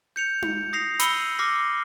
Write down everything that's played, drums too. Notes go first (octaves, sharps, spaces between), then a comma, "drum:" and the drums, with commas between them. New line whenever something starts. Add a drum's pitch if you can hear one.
G6 C#7 F7
drum: tom D#4
D#6 A#6 C7 F7
B5 E6 C#7 D#7 F#7 G7, drum: hi-hat
D6 F6 A#6 C7